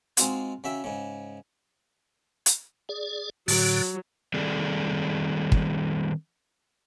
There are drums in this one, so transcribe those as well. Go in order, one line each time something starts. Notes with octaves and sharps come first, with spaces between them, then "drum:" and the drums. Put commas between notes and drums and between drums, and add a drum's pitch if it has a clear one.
G#3 C4 D#4 F4 F#4 C5, drum: hi-hat
C#3 F#4 E5 G5
G#2 C#3
drum: hi-hat
G#4 D5
A2 D3 F#3, drum: open hi-hat
D#3 G3 C4 G#4 A4 D5
drum: kick